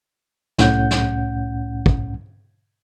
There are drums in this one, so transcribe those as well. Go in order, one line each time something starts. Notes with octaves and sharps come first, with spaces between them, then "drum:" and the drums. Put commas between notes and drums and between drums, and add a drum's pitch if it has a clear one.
C2 A2 C#4 F#5 G6, drum: snare
drum: snare
drum: kick